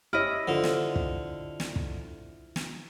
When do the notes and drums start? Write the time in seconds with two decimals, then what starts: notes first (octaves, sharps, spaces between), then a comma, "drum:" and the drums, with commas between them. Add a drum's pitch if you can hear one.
0.13 E4 G4 C#5 D#5 E5 F6
0.48 D3 F4 C5
0.64 drum: snare
0.96 drum: kick
1.60 drum: snare
1.76 drum: kick
2.56 drum: snare